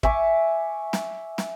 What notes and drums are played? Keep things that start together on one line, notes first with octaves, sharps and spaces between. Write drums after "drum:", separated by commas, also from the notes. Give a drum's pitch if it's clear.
E5 G#5 C#6 D6, drum: kick
drum: snare
drum: snare